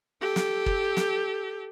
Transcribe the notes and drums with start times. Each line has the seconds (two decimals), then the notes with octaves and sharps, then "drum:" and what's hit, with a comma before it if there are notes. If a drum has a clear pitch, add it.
0.21 G4 A4
0.36 drum: snare
0.66 drum: kick
0.97 drum: snare